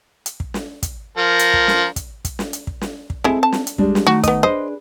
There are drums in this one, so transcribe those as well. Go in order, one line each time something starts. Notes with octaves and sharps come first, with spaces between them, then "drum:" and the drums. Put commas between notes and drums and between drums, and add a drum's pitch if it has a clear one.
drum: hi-hat
drum: kick
drum: snare
drum: kick, hi-hat
F3 A#4
drum: hi-hat
drum: kick
drum: snare
drum: kick, hi-hat
drum: kick, hi-hat
drum: snare
drum: hi-hat
drum: kick
drum: snare
drum: kick
G#3 C4 E4 A4
A5
drum: snare
drum: hi-hat
G3 G#3 D4, drum: kick
drum: snare
D#3 A3 D#4 F#4
B3 D#5, drum: kick, hi-hat
D4 G#4 B4 C5 D#5